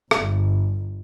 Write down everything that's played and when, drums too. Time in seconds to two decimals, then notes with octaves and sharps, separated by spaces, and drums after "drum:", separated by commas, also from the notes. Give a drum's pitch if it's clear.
0.11 G1, drum: rim click